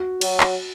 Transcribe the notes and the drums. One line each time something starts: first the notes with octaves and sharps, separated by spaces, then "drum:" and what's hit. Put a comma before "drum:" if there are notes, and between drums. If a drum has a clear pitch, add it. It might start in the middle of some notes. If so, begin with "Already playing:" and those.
Already playing: F#4
F#3, drum: cymbal
drum: clap